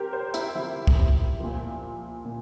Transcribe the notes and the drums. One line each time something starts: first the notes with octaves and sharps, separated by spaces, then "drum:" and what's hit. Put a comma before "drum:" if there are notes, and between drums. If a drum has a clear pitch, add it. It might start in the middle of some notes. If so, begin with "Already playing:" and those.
Already playing: C3 G4 A#4 C5
C5
E4, drum: hi-hat
C3 F3 E4
drum: kick
A#2 F3
A#2